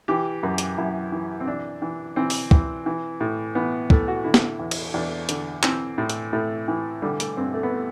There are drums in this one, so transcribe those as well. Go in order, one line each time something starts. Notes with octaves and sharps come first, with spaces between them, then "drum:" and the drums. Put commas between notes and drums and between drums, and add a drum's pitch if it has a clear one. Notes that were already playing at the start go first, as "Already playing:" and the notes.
E3 G4
F#2
drum: hi-hat
F#2 E4
E3
C4
E3 D4
E3
E3 C4
drum: open hi-hat
E3, drum: kick
E3
A2
E3 B3
A2 A3, drum: kick
F#4
D3 E4
drum: snare
E2
drum: cymbal
E2 D4
D3, drum: hi-hat
E3 C4, drum: clap
A2
drum: hi-hat
A2 A3
E3
D3 G3
A3, drum: hi-hat
G2 C4
A3
B3
A3